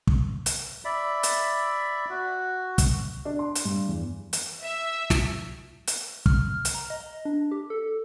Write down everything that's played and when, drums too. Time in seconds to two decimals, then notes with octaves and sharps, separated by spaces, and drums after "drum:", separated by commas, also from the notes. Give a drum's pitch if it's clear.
0.07 drum: kick
0.46 drum: hi-hat
0.85 D5 E5 B5
1.23 drum: hi-hat
2.09 F#4
2.78 drum: kick, hi-hat
3.25 D4
3.39 C6
3.55 drum: hi-hat
3.65 G2
3.88 E2
4.33 drum: hi-hat
4.62 E5
5.10 drum: snare
5.88 drum: hi-hat
6.26 F6, drum: kick
6.65 drum: hi-hat
6.74 A#5
6.90 D#5
7.25 D4
7.51 G4
7.70 A4